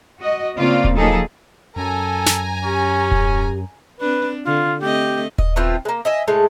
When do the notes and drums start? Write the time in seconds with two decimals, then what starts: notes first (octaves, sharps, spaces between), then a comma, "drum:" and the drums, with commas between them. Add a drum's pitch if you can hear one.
0.19 F#4 D#5
0.57 C#3 A#3 C4 F4 D5 F5
0.84 drum: kick D#1
0.95 F3 F#3 A#3 D#4 G#4 A4
1.76 F#2 A4 G#5 A#5
2.26 drum: snare
2.65 C#4 G4
3.11 drum: kick D#1
4.00 C4 D4 B4
4.46 D3 F4
4.82 A3 C4 G4 D#5
5.38 D#5, drum: kick D#1
5.56 A3 B3 C4 F4
5.85 G#3 A#3
6.05 D#5 E5 G#5
6.28 A2 G#3 G#4 A4